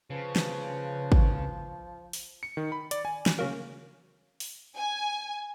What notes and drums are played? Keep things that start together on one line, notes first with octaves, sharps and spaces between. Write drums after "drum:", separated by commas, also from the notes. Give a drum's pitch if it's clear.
C#3 F3 B4
drum: snare
drum: kick
drum: open hi-hat
C#7
D#3
B5
D5, drum: hi-hat
G#5
drum: snare
C#3 F#3 A#3
drum: open hi-hat
G#5